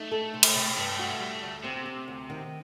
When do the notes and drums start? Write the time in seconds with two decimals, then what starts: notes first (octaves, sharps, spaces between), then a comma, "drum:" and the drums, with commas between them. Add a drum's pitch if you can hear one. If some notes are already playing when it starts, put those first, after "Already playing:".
Already playing: A3 D#4
0.12 A4
0.34 C3
0.43 drum: cymbal
0.55 C3
0.78 G2 A3
0.99 F#4
1.20 G3
1.42 D2
1.64 C3 C4
1.86 C4
2.08 D2
2.30 D#3